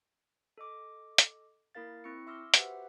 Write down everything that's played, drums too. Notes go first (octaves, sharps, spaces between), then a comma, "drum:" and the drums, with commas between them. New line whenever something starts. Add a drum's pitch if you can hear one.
A4 D#5 D6
drum: hi-hat
A#3 E4 A#4 F5 A6
C4 E4 C#6 E6 C#7
E5 C6 D6 E6 F6 A#6
F#4 G4 B4 C5 E5 F#5, drum: hi-hat